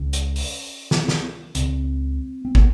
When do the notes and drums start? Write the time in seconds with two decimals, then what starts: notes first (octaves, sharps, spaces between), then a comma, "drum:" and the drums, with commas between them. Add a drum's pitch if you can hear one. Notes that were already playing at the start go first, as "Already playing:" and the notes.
Already playing: C#2 C#3 C#4
0.13 drum: hi-hat
0.36 drum: open hi-hat
0.91 drum: snare
1.08 drum: snare
1.55 C#2 C#3 C4, drum: hi-hat
2.45 C4
2.55 A#3, drum: kick